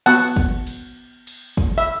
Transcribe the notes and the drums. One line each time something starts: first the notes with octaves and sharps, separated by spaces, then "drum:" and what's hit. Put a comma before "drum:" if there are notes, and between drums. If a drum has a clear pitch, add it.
B3 F#4 F#5 A5, drum: cymbal
drum: kick
drum: cymbal
drum: cymbal
drum: kick
E5